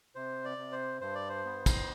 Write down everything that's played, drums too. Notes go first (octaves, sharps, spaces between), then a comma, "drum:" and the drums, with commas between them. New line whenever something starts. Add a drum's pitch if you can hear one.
C3 C5
D5
C3
C5
G2 C5
D5
C5
B3
drum: kick, cymbal